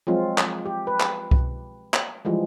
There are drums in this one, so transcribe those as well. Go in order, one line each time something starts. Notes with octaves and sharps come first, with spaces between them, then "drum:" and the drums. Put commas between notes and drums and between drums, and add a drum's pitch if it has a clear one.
F3 F#3 G#3 C4 F4
drum: clap
G4
B4
drum: clap
drum: kick C2
drum: clap
E3 F3 G3 G#3